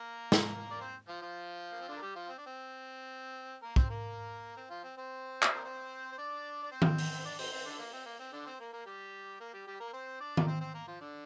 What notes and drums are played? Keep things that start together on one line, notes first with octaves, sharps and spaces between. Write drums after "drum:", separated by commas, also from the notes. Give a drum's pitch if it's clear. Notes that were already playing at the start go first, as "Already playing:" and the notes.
Already playing: A#3 A#4
drum: snare
D5
C4 C5
F3 F4
F3 F4
A#3
C4
D3 D4
A#4
G3 G4
F3 F4
C4
D4
C4
A#3 A#4
C4 C5, drum: kick
A#3 A#4
C4
F3 F4
C4
C4 C5
drum: clap
A#4
C4 C5
C5
D4 D5
D5
C4 C5
drum: tom D#3
drum: open hi-hat
C5
D4 D5
C4 C5, drum: open hi-hat
C4 C5
D3 D4
A#3
C4
A#3
C4
D3 D4
C4 C5
A#3 A#4
A#3 A#4
G3 G4
A#3 A#4
G3 G4
G3 G4
A#3 A#4
C4 C5
D4 D5
A#4, drum: tom D#3
C4 C5
C4 C5
A#3 A#4
F3 F4
D3 D4